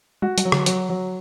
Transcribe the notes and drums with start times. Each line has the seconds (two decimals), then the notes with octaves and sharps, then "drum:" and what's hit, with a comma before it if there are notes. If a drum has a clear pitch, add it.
0.22 G#3 F#4
0.38 G3, drum: hi-hat
0.45 F#3
0.52 D3, drum: rim click
0.66 F#3, drum: hi-hat
0.89 F#3